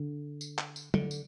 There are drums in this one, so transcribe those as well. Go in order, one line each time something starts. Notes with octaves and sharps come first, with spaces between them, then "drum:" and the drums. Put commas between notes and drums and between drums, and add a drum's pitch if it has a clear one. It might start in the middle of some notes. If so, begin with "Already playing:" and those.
Already playing: D3
drum: tambourine
drum: clap
drum: tambourine
D3, drum: tom F#3
drum: tambourine